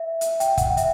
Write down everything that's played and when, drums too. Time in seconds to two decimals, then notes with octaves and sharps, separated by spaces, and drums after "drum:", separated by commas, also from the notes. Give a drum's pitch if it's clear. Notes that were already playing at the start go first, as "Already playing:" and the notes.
Already playing: E5
0.21 drum: hi-hat
0.40 G5, drum: hi-hat
0.57 F#5, drum: kick, hi-hat
0.77 E5, drum: hi-hat